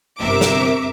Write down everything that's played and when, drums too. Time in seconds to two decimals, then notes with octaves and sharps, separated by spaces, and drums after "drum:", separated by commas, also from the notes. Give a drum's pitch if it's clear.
0.21 G1 C3 A#4 E5 D6
0.41 drum: snare